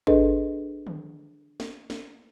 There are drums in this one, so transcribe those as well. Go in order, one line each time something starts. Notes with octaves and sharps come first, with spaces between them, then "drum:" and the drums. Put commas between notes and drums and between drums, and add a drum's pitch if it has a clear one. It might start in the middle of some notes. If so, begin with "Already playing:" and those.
D4 G#4 A4 B4 D#5, drum: kick G#1
drum: tom D3
drum: snare
drum: snare